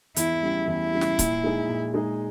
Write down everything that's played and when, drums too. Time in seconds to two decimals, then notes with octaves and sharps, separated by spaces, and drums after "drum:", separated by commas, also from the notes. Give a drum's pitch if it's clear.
0.16 E2 E4, drum: hi-hat
0.43 C#3 G3
0.67 E2 E4
0.92 C#3 G3
1.01 drum: snare
1.19 A#2, drum: kick C#1, hi-hat
1.44 G#3 D#4 G#4
1.69 A#2
1.94 G#3 D#4 G#4